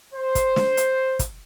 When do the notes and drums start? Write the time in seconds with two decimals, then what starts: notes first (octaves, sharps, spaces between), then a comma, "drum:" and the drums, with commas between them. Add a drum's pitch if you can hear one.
0.14 C5
0.35 drum: kick, hi-hat
0.56 drum: snare
0.77 drum: hi-hat
1.19 drum: kick, hi-hat